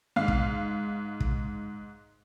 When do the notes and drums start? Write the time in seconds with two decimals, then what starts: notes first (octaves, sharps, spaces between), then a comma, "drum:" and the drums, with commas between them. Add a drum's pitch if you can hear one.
0.16 G#2 F5 F6
0.28 drum: kick
1.20 drum: kick